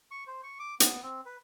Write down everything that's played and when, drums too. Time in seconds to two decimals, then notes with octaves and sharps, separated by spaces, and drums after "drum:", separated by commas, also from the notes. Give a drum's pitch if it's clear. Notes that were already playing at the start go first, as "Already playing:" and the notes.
0.11 C#6
0.27 C5
0.43 C#6
0.59 D6
0.80 B3, drum: hi-hat
1.03 C4
1.26 B4